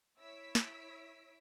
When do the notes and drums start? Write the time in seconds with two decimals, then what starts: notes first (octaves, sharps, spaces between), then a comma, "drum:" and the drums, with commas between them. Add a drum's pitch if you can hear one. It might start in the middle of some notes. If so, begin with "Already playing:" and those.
0.18 E4 C#5 E6 B6 D7
0.55 drum: snare